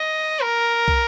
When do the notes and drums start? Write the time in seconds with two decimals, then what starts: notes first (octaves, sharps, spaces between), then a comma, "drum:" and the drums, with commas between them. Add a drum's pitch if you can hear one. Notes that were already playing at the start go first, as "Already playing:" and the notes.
Already playing: D#5
0.41 A#4
0.88 drum: kick